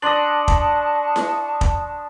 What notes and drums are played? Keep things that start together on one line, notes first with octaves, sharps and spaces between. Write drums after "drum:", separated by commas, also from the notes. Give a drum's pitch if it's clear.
D4 D#5 A5 C6 C#6 D#6 F#7
drum: kick
drum: snare E4
drum: kick